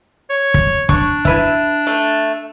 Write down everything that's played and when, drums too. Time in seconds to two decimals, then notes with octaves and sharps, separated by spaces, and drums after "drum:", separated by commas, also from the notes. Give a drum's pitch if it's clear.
0.30 C#5
0.54 drum: kick
0.89 D4 C#6, drum: kick
1.25 E4 B4 E5, drum: kick
1.87 A3